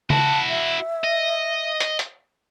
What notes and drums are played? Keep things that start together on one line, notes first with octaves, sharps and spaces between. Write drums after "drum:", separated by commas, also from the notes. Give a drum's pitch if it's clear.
E4 F#4 A5, drum: tom C#3
E5
D#5
drum: hi-hat
drum: hi-hat